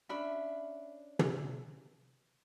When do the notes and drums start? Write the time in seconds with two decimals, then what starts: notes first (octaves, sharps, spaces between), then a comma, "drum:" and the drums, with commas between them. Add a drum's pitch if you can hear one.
0.09 C#4 D4 E5 B5
1.19 drum: tom